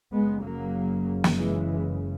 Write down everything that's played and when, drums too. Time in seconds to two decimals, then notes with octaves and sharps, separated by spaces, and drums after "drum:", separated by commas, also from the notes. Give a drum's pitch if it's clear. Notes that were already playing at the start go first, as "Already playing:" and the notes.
0.13 F#1 F#2 C#3 G#3 B3
0.43 F#3 A#3
1.24 drum: snare
1.34 E3 G#3